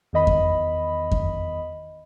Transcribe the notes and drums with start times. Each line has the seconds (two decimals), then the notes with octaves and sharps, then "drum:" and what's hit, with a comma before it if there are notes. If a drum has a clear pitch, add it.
0.13 E2 D#3 D#5 B5
0.27 drum: kick F2
1.11 drum: kick F2